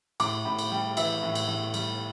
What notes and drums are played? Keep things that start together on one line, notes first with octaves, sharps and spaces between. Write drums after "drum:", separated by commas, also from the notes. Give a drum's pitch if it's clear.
A2 D6, drum: cymbal
A2 B5
drum: cymbal
G3 G5
E3 E5, drum: cymbal
A2
drum: cymbal
A2
G3, drum: cymbal